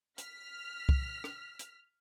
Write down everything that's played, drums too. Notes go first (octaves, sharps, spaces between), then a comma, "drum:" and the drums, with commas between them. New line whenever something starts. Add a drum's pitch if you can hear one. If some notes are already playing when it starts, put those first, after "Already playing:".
F6 B6, drum: hi-hat
drum: kick
drum: rim click
drum: hi-hat